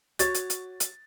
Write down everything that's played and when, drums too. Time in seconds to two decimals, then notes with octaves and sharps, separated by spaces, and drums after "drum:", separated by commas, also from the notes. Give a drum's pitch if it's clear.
0.19 F#4 C#5 A6, drum: hi-hat
0.35 drum: hi-hat
0.50 drum: hi-hat
0.80 drum: hi-hat